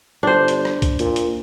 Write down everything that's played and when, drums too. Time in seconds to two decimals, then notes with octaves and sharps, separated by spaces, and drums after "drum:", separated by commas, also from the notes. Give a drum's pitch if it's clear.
0.23 G1 D4 C5
0.48 drum: hi-hat
0.65 drum: rim click
0.82 drum: kick C2, hi-hat
0.99 A#2, drum: hi-hat
1.16 drum: hi-hat